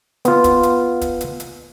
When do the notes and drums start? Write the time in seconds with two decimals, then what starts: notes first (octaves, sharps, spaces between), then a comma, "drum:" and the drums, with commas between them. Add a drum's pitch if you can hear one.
0.25 B3 F4, drum: hi-hat
0.44 drum: kick, hi-hat
0.63 drum: hi-hat
1.01 drum: kick, hi-hat
1.21 drum: hi-hat
1.40 drum: hi-hat